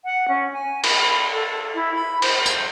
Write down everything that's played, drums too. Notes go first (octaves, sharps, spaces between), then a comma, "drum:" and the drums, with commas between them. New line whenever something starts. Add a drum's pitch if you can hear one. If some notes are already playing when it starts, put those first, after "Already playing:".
F#5
C#4
G#5
B5, drum: cymbal
A4
E4
B5
C5, drum: cymbal
drum: tambourine